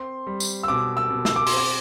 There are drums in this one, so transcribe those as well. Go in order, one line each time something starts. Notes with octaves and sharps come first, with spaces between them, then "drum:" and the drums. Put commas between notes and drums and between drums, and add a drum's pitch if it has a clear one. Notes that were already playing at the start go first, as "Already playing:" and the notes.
Already playing: C4 C6
G3
drum: tambourine
E6
B2 D6
E6
B2
E6, drum: snare
D6
C6, drum: open hi-hat
C4 D6